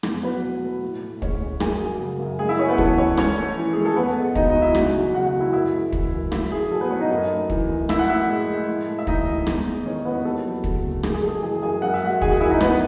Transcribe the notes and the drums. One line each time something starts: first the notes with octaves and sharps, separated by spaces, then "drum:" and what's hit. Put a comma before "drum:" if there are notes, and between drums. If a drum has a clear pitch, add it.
E2, drum: rim click
F#3 B3 B4
B2
A3
A2
A2
G#3 C#4 C#5, drum: kick
G#3
F#2 G#4 G#5, drum: rim click
F#3
C#3
F#2
G#2 G#4 G#5
E4 E5
G#3 C#4 C#5
B3 B4
E3 A4, drum: kick
G#2 C#4 C#5
G#2 C#4 C#5, drum: rim click
A3
E3
G#2 G#4
A4
E2 B3 B4
G#3
B2 D#4 D#5, drum: kick
D#4 D#5
E2
E4 E5
C#2 F#4 F#5, drum: rim click
F#3
C#3 F#4 F#5
F#4 F#5
A3
E4 E5
F#2 E4 E5
G#3
E3, drum: kick
F#2
A2 E4 E5, drum: rim click
A3 G#4
F#3 A4
B3 B4
A2 C#4 C#5
D#4 D#5
F#2
A3
E3, drum: kick
F#2
A2 E4 E5, drum: rim click
F#5
A2 E4 E5
G#3
G#3
A2
A3
E5
E3 D#4 D#5, drum: kick
A2
E2, drum: rim click
G#3
D#3 C#4 C#5
E2 B3 B4
D#2 A4
F#3
C#3, drum: kick
A3
F#2 G#4, drum: rim click
G#4
G#3 A4
E3 G#4 G#5
F#2 G#4 G#5
F#2 F#5
E5
G#3 F#4 F#5
D#3 G#4 G#5, drum: kick
F#4 F#5
F#2 E4 E5
D#4 D#5
A2 B3 B4, drum: rim click